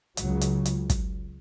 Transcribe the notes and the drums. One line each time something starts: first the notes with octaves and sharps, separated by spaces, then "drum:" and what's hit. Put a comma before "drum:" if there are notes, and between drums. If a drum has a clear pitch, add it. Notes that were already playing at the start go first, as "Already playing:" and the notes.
C#2 C#3 F#3, drum: hi-hat
drum: hi-hat
drum: hi-hat
drum: kick, hi-hat